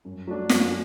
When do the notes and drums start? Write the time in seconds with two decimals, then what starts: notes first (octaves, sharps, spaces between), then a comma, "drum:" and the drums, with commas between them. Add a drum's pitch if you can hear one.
0.05 F#2
0.27 F#3 A3 D4
0.49 F#2, drum: snare